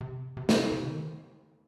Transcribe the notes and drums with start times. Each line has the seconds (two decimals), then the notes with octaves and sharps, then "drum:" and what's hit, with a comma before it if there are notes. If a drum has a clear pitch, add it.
0.01 C3
0.37 C3
0.49 drum: snare
0.72 C3
0.83 D3
0.90 D#3